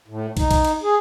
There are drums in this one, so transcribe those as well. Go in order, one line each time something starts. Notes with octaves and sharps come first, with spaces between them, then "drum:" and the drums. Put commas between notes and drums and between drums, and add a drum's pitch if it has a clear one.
A2
D#4, drum: kick, cymbal
drum: kick, cymbal
drum: cymbal
G#4